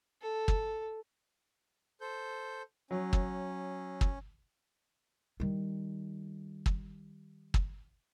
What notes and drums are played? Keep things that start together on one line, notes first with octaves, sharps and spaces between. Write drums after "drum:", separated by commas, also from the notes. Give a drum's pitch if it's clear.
A4
drum: kick
A4 C5 G6
F#3 C#4
drum: kick
drum: kick
D#3 G3
drum: kick
drum: kick